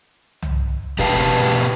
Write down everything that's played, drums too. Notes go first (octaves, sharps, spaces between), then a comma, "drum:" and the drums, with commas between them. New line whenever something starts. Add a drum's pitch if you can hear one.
drum: tom
B2 G4 B4 F5 G5 A5, drum: kick F1, hi-hat